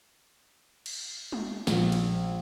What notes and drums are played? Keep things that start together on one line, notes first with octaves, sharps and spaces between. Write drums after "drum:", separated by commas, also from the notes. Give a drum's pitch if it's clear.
drum: cymbal
drum: tom G3
A#1, drum: snare
drum: cymbal